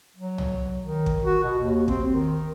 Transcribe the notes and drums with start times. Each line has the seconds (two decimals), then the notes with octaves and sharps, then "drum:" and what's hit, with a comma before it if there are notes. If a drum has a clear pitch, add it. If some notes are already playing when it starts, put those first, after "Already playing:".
0.17 F#3
0.38 drum: tom C2
0.82 D#3
1.06 drum: kick
1.25 F#4
1.44 B2
1.59 D#2
1.88 C4, drum: kick
2.12 D#3